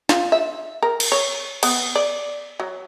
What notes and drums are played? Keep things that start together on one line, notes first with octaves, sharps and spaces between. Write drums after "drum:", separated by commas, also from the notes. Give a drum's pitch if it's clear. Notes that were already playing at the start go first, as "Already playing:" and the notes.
F4, drum: snare
E5
A#4
drum: cymbal
C#5
B3, drum: cymbal
D5
F#3